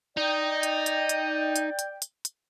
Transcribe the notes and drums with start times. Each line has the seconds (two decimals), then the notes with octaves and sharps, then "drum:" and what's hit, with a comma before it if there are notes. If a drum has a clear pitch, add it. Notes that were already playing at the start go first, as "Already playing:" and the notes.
0.17 D#4 D5 G5
0.63 drum: hi-hat
0.86 drum: hi-hat
1.09 drum: hi-hat
1.56 drum: hi-hat
1.79 drum: hi-hat
2.02 drum: hi-hat
2.25 drum: hi-hat